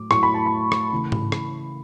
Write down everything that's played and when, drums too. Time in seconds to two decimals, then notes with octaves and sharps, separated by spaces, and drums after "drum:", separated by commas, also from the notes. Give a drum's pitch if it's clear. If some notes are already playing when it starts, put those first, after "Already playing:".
Already playing: A2 F#3 A3 D6
0.11 A2 F#3 A3 C#6, drum: rim click
0.23 B5
0.34 A5
0.46 B5
0.72 drum: rim click
0.92 C#3 E3 A3
1.12 drum: tom G#2
1.32 drum: rim click